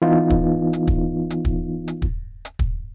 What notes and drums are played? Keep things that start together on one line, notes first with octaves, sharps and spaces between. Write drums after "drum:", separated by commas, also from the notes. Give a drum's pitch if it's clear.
E3 B3 D#4 F4
drum: kick
drum: hi-hat
drum: kick
drum: hi-hat
drum: kick
drum: hi-hat
drum: kick
drum: hi-hat
drum: kick